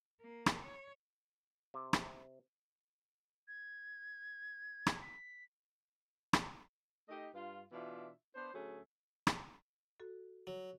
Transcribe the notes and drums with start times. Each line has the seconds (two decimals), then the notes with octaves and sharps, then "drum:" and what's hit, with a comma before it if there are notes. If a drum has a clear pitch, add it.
0.21 A#3
0.46 drum: rim click
0.63 C#5
1.74 C3
1.93 drum: rim click
3.48 G#6
4.86 drum: rim click
5.01 B6
6.33 drum: rim click
7.09 A3 D#4 G4 D#5
7.34 G2 F4
7.72 B2 E3 D4 F4 E5
8.35 B3 D4 C5
8.53 D2 F#3 A3 C#4 G#4
9.27 drum: rim click
10.00 F#4 A4
10.47 F#3